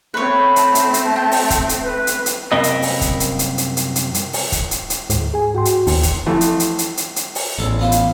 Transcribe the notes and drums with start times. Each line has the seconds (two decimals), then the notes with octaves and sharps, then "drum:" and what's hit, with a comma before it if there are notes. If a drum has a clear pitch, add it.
0.14 A3 C4 B4 C#5
0.56 A5, drum: hi-hat
0.75 drum: hi-hat
0.94 drum: hi-hat
1.16 G5
1.32 drum: open hi-hat
1.50 drum: kick, hi-hat
1.69 drum: hi-hat
1.83 B4
2.07 drum: hi-hat
2.26 drum: hi-hat
2.52 C2 F#2 A#3 C4 B4 D#5
2.64 drum: hi-hat
2.82 drum: open hi-hat
3.01 drum: kick, hi-hat
3.20 drum: hi-hat
3.39 drum: hi-hat
3.58 drum: hi-hat
3.77 drum: hi-hat
3.96 drum: hi-hat
4.14 drum: hi-hat
4.33 drum: open hi-hat
4.52 drum: kick, hi-hat
4.71 drum: hi-hat
4.90 drum: hi-hat
5.10 D2 G#2, drum: hi-hat
5.34 G#4 G#5
5.55 F#4 G5 C6
5.65 drum: hi-hat
5.87 D#2, drum: open hi-hat
6.03 drum: kick, hi-hat
6.26 F2 E3 A3
6.41 drum: hi-hat
6.60 drum: hi-hat
6.78 drum: hi-hat
6.97 drum: hi-hat
7.16 drum: hi-hat
7.35 drum: open hi-hat
7.59 A1 E2 A4
7.79 B3 F4 C5
7.92 drum: hi-hat